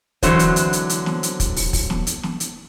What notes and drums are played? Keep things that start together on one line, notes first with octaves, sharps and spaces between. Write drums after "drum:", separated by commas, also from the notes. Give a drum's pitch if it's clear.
D3 E3 F#3 C4 C5 C#5, drum: kick, hi-hat
drum: hi-hat
drum: hi-hat
drum: hi-hat
drum: hi-hat
drum: snare
drum: hi-hat
drum: kick, hi-hat
drum: open hi-hat
drum: kick, open hi-hat
drum: snare
drum: hi-hat
drum: snare
drum: hi-hat